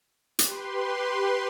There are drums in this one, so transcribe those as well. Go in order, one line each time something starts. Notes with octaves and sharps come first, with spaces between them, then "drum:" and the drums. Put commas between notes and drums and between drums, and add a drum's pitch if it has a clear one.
G4 B4 C6, drum: hi-hat